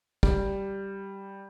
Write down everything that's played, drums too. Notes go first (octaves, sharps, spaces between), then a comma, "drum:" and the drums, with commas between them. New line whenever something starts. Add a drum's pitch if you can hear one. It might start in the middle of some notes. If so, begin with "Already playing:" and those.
G3, drum: kick